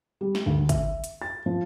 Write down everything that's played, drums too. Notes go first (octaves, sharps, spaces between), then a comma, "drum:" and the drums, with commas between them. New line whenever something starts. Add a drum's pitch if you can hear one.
G3
drum: snare
D2
E5, drum: kick, hi-hat
drum: hi-hat
A6
F3